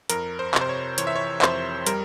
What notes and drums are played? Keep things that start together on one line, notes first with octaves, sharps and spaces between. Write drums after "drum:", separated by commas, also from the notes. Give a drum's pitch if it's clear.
F2 A#4, drum: hi-hat
C5
C3, drum: clap
C5
C#5
E3 C#5, drum: hi-hat
E5
C#5
F2 C5, drum: clap
G3 A#4, drum: hi-hat